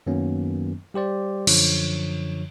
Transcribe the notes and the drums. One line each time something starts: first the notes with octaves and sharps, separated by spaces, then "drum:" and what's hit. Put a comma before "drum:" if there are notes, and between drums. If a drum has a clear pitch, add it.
F#2 D#3 F#3 A#3 B3 C#4
G3 G4 C5 D5
F#2 D3 F3 C#5, drum: cymbal